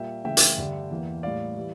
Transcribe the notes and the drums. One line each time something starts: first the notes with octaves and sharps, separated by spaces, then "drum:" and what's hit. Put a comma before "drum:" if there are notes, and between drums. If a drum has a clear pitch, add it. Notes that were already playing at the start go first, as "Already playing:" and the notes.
Already playing: A#2 G3 A#3 E5 G5
C#3 E3 A3 E5 G5
drum: hi-hat
G2 D3 G3
E2 E3 A#3
A2 G3 A#3 D5 F5
E3 G3